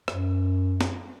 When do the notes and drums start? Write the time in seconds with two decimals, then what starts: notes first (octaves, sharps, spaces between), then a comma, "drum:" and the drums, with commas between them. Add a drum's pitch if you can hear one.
0.08 F#2, drum: rim click
0.81 drum: snare